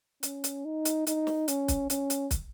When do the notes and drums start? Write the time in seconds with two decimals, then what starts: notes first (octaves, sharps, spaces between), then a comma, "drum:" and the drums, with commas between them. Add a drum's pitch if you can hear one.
0.23 C#4, drum: hi-hat
0.44 drum: hi-hat
0.65 D#4
0.85 drum: hi-hat
1.07 D#4, drum: hi-hat
1.27 drum: snare
1.48 C#4, drum: hi-hat
1.68 drum: kick, hi-hat
1.90 C#4, drum: hi-hat
2.10 drum: hi-hat
2.31 drum: kick, hi-hat